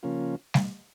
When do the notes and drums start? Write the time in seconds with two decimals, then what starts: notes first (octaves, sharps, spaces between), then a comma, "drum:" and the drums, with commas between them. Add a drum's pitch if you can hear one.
0.03 C#3 F3 A#3 C#4 F4
0.54 drum: snare G3